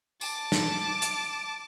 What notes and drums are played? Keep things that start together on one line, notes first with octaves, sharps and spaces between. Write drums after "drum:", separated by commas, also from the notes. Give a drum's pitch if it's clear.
A5 D6, drum: tambourine
drum: snare
drum: hi-hat